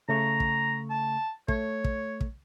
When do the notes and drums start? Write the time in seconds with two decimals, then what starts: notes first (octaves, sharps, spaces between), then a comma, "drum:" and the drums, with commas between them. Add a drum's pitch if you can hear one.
0.09 C#3 A3 A#5 C#6
0.40 drum: kick
0.90 A5
1.48 A3 C#5, drum: kick
1.84 drum: kick
2.21 drum: kick